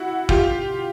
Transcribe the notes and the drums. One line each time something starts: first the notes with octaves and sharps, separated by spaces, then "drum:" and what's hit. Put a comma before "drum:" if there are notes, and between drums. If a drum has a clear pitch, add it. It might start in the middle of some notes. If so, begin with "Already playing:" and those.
Already playing: E4 F#4
F4 G4, drum: kick